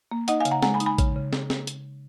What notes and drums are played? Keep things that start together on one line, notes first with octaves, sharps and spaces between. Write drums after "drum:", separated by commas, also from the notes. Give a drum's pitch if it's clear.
A#3
D#4 D#5 F#5, drum: hi-hat
F5 G#5
C#3, drum: hi-hat
F#5 A#5
G#3 F#5 A#5, drum: snare
G#5 B5
D#4, drum: hi-hat
G#5 B5
C#3, drum: kick A1, hi-hat
C#3
drum: snare
drum: snare
drum: hi-hat